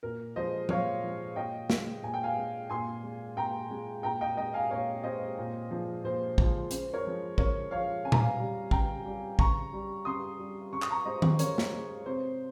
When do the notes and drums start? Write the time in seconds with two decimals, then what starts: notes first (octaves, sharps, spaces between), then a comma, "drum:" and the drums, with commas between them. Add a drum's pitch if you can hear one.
0.03 A#2 A#4
0.36 F3 G#3 C5 D#5
0.69 A#2 C#5 F5, drum: tom F3
1.03 F3 G#3
1.36 A#2 D#5 G5
1.70 G#3, drum: snare
2.03 A#2 G#5
2.14 G5
2.23 F5 G#5
2.37 G#3
2.69 A#2 G#5 C6
3.03 G#3
3.37 A#2 G5 A#5
3.70 G#3
4.03 A#2 G5 A#5
4.21 D#5 G5
4.37 G#3 D#5 G5
4.54 F5 G#5
4.71 A#2 C#5 F5
5.04 G#3 C5 D#5
5.38 A#2
5.71 F3 G#3
6.04 A#2 C5
6.38 F3 G#3, drum: kick
6.71 C#3 C5, drum: hi-hat
6.93 A#4 C#5
7.05 F3 G#3
7.38 C#3 A#4 C#5, drum: kick
7.71 F3 G#3 C#5 F5
8.05 C#3 G#5
8.12 A#5, drum: tom A#2
8.19 F5 G#5
8.39 G3
8.71 C#3 G5 A#5, drum: kick
9.05 G3
9.39 C#3 A#5 C#6, drum: kick
9.73 G3
10.05 C#3 C6 D#6
10.39 G3
10.72 C#3 C#6
10.82 D#6, drum: clap
10.91 A#5 C#6
11.05 G#3 C5 D#5
11.22 drum: tom D#3
11.39 C#3 A#4 C#5, drum: hi-hat
11.58 drum: snare
11.72 G#3
12.06 C3 C5